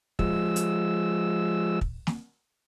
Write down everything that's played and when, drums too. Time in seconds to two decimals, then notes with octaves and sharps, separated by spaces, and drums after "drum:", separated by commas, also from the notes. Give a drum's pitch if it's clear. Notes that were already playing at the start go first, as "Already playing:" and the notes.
0.19 F3 G#3 E6, drum: kick
0.56 drum: hi-hat
1.81 drum: kick
2.07 drum: snare